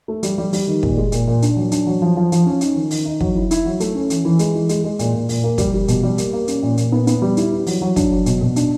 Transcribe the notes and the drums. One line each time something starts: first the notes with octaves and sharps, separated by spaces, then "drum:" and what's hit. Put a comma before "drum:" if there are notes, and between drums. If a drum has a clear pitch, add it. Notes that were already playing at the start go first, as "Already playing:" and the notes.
A3
G3, drum: hi-hat
G3
G3, drum: open hi-hat
D#3
A#2, drum: kick
G#3
A#2, drum: hi-hat
A#2
D4, drum: hi-hat
F#3
D4, drum: hi-hat
F#3
F3
F3
F3, drum: hi-hat
C#4
D#4, drum: hi-hat
D#3
D#3, drum: open hi-hat
D#4
F#3, drum: kick
E4
E4, drum: hi-hat
F#3
A3, drum: hi-hat
C#4
E3, drum: hi-hat
E3
G#3, drum: hi-hat
E3
G#3, drum: hi-hat
G#3
A#2, drum: hi-hat
A#2
A#2, drum: open hi-hat
A#3
G3, drum: kick, hi-hat
G3
B2, drum: hi-hat
G3
A#3, drum: hi-hat
A#3
C#4, drum: hi-hat
A#2
A#2, drum: hi-hat
B3
B3, drum: hi-hat
G3
E4, drum: hi-hat
E4
F#3, drum: open hi-hat
F#3
D4, drum: kick, hi-hat
F#3
B2, drum: hi-hat
B2
D4, drum: hi-hat